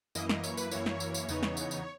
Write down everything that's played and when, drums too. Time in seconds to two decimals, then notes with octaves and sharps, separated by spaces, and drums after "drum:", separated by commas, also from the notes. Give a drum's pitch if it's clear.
0.15 F#2 E3 A#3 E4 D#5, drum: tambourine
0.29 D#5, drum: snare
0.44 C#5, drum: tambourine
0.57 B4, drum: tambourine
0.71 F#2 E3 A#3 E4 C#5, drum: tambourine
0.86 drum: snare
1.00 drum: tambourine
1.14 drum: tambourine
1.29 E2 C#3 E3 B3 D#4, drum: tambourine
1.43 drum: snare
1.57 drum: tambourine
1.71 drum: tambourine